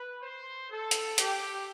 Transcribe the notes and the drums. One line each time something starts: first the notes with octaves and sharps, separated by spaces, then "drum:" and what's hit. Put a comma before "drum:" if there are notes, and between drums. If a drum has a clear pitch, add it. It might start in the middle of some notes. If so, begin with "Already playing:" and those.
Already playing: B4
C5
A4
drum: hi-hat
G4, drum: hi-hat